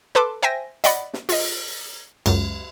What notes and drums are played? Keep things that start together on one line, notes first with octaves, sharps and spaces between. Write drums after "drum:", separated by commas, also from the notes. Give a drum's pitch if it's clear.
A4 B4 A5 C6 D6
C5 E5 G5 G#5 A#6
D5 D#5 F#5 B5, drum: hi-hat
drum: snare
F4 D#5, drum: open hi-hat
C#2 F#2, drum: cymbal